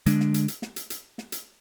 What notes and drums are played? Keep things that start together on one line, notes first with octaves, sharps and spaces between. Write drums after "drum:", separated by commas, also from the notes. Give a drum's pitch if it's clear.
D3 G#3 D4, drum: hi-hat
drum: snare
drum: hi-hat
drum: hi-hat
drum: snare
drum: hi-hat
drum: hi-hat
drum: snare
drum: hi-hat